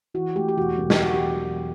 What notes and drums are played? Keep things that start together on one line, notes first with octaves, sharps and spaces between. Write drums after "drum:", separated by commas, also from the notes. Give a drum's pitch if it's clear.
E3 F#4
A3 G4
G4
E1 F#4
E1
G4, drum: snare
F#3 F#4
G4